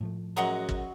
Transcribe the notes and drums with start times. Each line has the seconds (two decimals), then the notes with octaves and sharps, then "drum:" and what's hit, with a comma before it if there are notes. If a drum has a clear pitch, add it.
0.01 A2 F3 A3
0.37 F#2 F#3 G#3 D#5 F#5 A#5
0.69 drum: kick